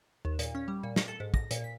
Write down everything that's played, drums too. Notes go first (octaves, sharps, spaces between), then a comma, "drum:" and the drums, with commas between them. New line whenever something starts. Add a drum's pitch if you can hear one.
D#2
A#2, drum: hi-hat
C#4
G3
A#2
C#7, drum: snare
A4
G#2
A#6, drum: kick
A#2, drum: hi-hat
B6